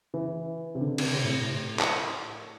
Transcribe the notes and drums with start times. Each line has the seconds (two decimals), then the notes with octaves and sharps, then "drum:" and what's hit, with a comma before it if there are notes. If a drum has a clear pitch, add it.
0.14 E3
0.75 C3
0.81 D3
0.98 C3, drum: cymbal
1.15 C3
1.24 A2
1.40 A2
1.79 drum: clap